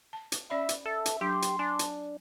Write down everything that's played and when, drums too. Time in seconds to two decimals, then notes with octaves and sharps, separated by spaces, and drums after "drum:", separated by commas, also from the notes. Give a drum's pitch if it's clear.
0.13 A5
0.32 drum: hi-hat
0.50 C#4 D5 E5 B5
0.69 drum: hi-hat
0.86 A4 E5
1.06 drum: hi-hat
1.21 F#3 D4 G4 C6
1.42 drum: hi-hat
1.59 D4 G#5
1.79 drum: hi-hat